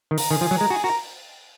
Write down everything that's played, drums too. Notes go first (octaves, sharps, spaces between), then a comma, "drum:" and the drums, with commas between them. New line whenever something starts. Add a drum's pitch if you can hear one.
D#3
A#4, drum: open hi-hat
D#3 G#4
F3
G#4
F#3
G#3 A#4
F#4 G#4
F#4 A#4